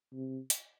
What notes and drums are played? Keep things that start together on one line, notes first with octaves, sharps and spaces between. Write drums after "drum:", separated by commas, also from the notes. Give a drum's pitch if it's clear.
C3
drum: hi-hat